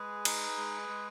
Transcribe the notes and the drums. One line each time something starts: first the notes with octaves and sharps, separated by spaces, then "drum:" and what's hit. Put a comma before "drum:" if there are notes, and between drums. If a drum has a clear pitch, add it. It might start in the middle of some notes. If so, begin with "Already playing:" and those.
Already playing: G#3 G#4 B4
D#4, drum: cymbal
G#3
G#3